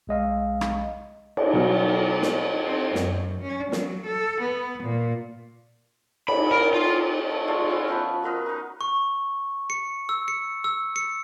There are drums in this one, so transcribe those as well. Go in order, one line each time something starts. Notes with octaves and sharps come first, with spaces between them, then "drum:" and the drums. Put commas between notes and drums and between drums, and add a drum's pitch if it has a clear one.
B1 G#3 D#5 F5
drum: rim click
drum: cymbal
B2 F#3
drum: snare
C4
F#2, drum: snare
C#4
F#3, drum: snare
A4
B3
A#2
B5, drum: cymbal
A#4
F4
A3
G#3 A3 F4 D5
C#4 E4 F#4
F3 B3 B4 B5
F#4 A#4 B4 D#5
D#4 A#4
C#6
C#7
E6
C#7
E6
C#7